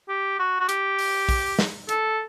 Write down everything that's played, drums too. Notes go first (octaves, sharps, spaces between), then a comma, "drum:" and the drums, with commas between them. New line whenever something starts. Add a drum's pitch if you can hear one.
G4
F#4
F#4
G4, drum: hi-hat
drum: open hi-hat
drum: kick A#1, open hi-hat
drum: snare
A4, drum: hi-hat